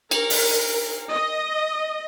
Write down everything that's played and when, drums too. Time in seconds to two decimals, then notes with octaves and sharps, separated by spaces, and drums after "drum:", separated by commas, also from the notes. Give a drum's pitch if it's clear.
0.11 A#4, drum: cymbal
0.30 drum: open hi-hat
1.11 D#5